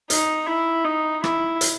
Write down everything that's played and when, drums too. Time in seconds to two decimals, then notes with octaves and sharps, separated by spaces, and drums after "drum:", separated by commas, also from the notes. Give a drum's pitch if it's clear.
0.10 D#4, drum: hi-hat
0.48 E4
0.85 D#4
1.24 E4, drum: rim click
1.61 drum: hi-hat